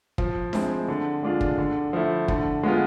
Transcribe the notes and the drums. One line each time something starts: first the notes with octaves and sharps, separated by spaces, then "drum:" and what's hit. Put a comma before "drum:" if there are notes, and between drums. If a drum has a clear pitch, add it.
F3, drum: kick
G#3 C4 E4, drum: snare D4
D3
G#3 D4 F4
drum: kick
D3
F3 A3 E4
D3, drum: kick
G#3 B3 F4